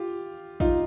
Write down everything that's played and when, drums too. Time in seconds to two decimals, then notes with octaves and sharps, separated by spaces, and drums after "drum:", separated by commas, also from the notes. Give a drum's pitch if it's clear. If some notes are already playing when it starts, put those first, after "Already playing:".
Already playing: F4 G4
0.60 D#4 F4, drum: kick